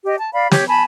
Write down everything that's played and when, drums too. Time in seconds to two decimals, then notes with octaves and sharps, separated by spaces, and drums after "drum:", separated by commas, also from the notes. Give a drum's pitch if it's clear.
0.05 G4 D#5
0.19 A5
0.33 D5 F5 B5
0.51 G4 C#5, drum: snare
0.68 G#5 A5 B5